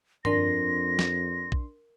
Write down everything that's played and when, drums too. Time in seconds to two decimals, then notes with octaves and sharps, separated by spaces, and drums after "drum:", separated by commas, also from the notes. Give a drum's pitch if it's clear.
0.25 F2 D4 A#4 C6 A#6, drum: tom G2
0.99 drum: snare
1.52 drum: kick A#1